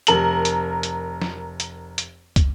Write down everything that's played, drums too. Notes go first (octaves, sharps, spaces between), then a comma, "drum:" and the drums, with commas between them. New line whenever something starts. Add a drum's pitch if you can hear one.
F1 A#4 F#7, drum: hi-hat
drum: hi-hat
drum: hi-hat
drum: snare
drum: hi-hat
drum: hi-hat
drum: kick, hi-hat